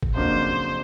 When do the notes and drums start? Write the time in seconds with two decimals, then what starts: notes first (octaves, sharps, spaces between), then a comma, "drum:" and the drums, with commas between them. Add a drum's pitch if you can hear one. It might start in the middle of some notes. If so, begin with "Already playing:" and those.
0.03 drum: kick
0.14 F2 C#3 F#3 A#3 D4 C5